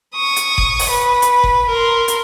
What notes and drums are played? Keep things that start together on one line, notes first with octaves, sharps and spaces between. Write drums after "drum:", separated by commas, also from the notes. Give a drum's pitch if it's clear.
C#6 D#6
drum: hi-hat
drum: kick F#1
drum: open hi-hat
B4
drum: hi-hat
drum: kick F#1
A#4 C6
drum: hi-hat